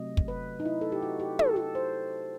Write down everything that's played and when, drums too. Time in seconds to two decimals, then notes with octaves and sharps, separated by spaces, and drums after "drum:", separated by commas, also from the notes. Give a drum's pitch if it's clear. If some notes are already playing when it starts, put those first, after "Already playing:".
Already playing: C3 F#3 A3 D#5
0.17 drum: kick
0.28 B4
0.60 D#4
0.66 E4
0.81 A4
0.92 G4
1.02 F#4
1.20 G4
1.39 A4, drum: tom
1.56 A4
1.75 C5